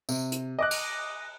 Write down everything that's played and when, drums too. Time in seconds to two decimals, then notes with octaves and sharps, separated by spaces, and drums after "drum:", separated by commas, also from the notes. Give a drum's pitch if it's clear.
0.09 C3, drum: tambourine
0.32 drum: hi-hat
0.59 D#5 D6 F#6
0.71 drum: cymbal